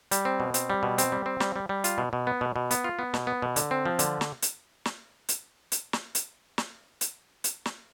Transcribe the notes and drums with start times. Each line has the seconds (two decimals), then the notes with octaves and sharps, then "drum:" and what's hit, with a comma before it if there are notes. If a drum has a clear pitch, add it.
0.11 G3, drum: hi-hat
0.25 C4
0.40 B2
0.54 C4, drum: hi-hat
0.70 G3
0.83 B2
0.98 C4, drum: hi-hat
1.12 G3
1.26 C4
1.40 G3, drum: snare
1.56 G3
1.69 G3
1.84 F4, drum: hi-hat
1.98 B2
2.13 B2
2.27 B3
2.41 B2
2.56 B2
2.71 B3, drum: hi-hat
2.84 F4
2.99 B3
3.14 B2, drum: snare
3.27 B3
3.42 B2
3.56 D3, drum: hi-hat
3.71 C4
3.86 F3
3.99 D3, drum: hi-hat
4.21 drum: snare
4.42 drum: hi-hat
4.85 drum: snare
5.29 drum: hi-hat
5.72 drum: hi-hat
5.93 drum: snare
6.15 drum: hi-hat
6.58 drum: snare
7.01 drum: hi-hat
7.44 drum: hi-hat
7.66 drum: snare